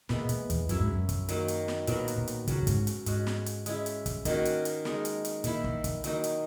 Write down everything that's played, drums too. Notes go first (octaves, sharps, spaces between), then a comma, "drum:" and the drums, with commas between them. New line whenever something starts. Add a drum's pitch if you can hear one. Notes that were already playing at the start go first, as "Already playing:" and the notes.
A#2 E3 G#3 B3, drum: snare
A#2, drum: hi-hat
E2, drum: hi-hat
F#2 F#3 C#4 E4, drum: hi-hat
G#2
F#2
drum: kick, hi-hat
D#3 F#3 A#3, drum: hi-hat
drum: hi-hat
drum: snare
A#2 F#3 B3 F#4 A#4, drum: hi-hat
drum: hi-hat
A#2
drum: hi-hat
C#3 F#3 C#4 F#4, drum: kick, hi-hat
F#2
G#2, drum: kick, hi-hat
drum: hi-hat
G#2 G#3 C#4 F#4, drum: hi-hat
drum: snare
drum: hi-hat
G#3 C#4 E4, drum: hi-hat
drum: hi-hat
drum: kick, hi-hat
D#3 A#3 C#4 F#4, drum: kick, hi-hat
drum: hi-hat
drum: hi-hat
G#3 D#4 A#4, drum: snare
drum: hi-hat
drum: hi-hat
A#2 D#3 A#3 E4, drum: hi-hat
drum: kick
drum: kick, hi-hat
D#3 F#3 A#3 D#4, drum: hi-hat
drum: hi-hat